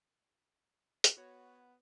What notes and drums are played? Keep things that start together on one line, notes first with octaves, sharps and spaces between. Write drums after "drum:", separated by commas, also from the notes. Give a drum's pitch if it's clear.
drum: hi-hat
B3 F#4 C#5